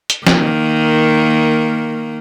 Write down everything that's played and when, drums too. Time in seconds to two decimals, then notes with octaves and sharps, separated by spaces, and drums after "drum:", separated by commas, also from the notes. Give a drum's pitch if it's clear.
0.10 drum: hi-hat
0.27 D#3 A#3, drum: snare